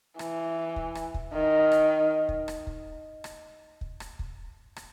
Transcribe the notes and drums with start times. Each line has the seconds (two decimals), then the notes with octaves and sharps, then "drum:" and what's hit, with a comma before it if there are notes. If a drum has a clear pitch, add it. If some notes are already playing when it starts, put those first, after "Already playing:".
0.19 E3, drum: rim click
0.76 drum: kick
0.95 drum: rim click
1.14 drum: kick
1.34 D#3
1.72 drum: rim click
2.29 drum: kick
2.48 drum: rim click
2.67 drum: kick
3.24 drum: rim click
3.81 drum: kick
4.00 drum: rim click
4.19 drum: kick
4.76 drum: rim click